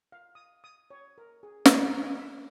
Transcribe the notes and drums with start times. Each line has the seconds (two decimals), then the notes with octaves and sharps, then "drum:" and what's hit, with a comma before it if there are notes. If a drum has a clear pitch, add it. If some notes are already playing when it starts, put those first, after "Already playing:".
0.12 F5
0.35 D#6
0.64 D#6
0.90 C#5
1.18 A#4
1.43 G#4
1.66 C5, drum: snare
1.80 A#4
2.03 G#5
2.18 E5